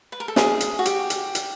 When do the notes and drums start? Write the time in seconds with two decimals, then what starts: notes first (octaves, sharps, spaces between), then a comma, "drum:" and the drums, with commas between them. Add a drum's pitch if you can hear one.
0.12 B4
0.20 A#4
0.28 A4
0.36 G#4, drum: snare
0.60 drum: hi-hat
0.79 F#4
0.85 G4, drum: hi-hat
1.10 drum: hi-hat
1.35 drum: hi-hat